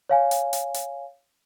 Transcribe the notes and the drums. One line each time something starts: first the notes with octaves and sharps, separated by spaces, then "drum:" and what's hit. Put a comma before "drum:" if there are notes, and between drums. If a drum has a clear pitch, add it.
C#5 F5 G#5
drum: hi-hat
drum: hi-hat
drum: hi-hat